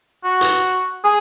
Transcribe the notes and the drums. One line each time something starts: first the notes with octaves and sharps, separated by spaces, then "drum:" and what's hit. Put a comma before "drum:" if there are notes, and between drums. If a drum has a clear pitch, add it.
F#4
drum: hi-hat
G#4